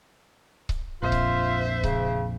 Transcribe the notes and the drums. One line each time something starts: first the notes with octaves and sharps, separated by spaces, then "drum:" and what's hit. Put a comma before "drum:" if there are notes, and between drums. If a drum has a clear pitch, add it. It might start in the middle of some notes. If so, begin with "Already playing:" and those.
drum: kick C#1
A#1 F2 F4 C5 E5
drum: kick C#1
C#3, drum: kick C#1